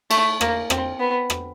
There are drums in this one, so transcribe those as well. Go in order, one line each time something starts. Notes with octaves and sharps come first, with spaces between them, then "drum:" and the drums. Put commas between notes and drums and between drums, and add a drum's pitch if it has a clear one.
A3, drum: cymbal
A#3, drum: rim click
C4, drum: rim click
B3
drum: rim click